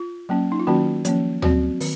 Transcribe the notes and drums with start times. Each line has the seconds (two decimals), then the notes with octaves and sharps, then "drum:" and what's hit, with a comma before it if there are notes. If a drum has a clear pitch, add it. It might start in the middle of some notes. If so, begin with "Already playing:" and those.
Already playing: F4
0.29 F#3 A#3 C#4
0.52 D#4
0.60 F4
0.67 D#3 F#3 A#3 C#4 F#4
1.05 F3 A#3 C#4, drum: hi-hat
1.42 F#3 C4 F#4, drum: tom
1.80 D#3, drum: open hi-hat